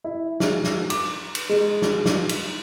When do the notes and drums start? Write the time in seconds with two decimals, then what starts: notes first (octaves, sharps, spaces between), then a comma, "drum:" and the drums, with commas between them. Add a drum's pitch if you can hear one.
0.04 E4
0.40 G#3, drum: snare
0.64 drum: snare
0.90 D6, drum: cymbal
1.35 drum: cymbal
1.49 G#3
1.82 drum: snare
2.06 drum: snare
2.29 drum: cymbal